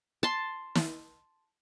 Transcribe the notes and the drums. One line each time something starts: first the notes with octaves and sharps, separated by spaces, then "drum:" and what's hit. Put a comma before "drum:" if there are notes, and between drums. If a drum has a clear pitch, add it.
A5 C6
drum: snare